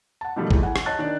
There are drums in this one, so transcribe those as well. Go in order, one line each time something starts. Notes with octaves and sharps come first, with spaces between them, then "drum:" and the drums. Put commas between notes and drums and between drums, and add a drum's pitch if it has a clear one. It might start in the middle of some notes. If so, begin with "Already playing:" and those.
F#5 A5
B2 D#3 F3 G3 A3
E2 A2 G3 G#3, drum: kick B1
F#5 G#5
drum: rim click
C#5 D#5 A5 F#6 A6
D#3 D4 D5